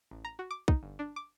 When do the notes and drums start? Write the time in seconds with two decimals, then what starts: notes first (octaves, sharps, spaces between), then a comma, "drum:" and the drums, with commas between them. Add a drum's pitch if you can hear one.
0.11 A1
0.25 A#5
0.39 F#4
0.51 D6
0.68 D#4, drum: kick
0.83 G1
0.99 D4
1.16 D6